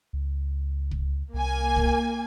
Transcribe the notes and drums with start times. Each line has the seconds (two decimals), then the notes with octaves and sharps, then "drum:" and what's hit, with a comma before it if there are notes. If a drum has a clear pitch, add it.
0.13 C#2
0.91 drum: kick
1.34 C2 A#3 G#5
1.76 drum: kick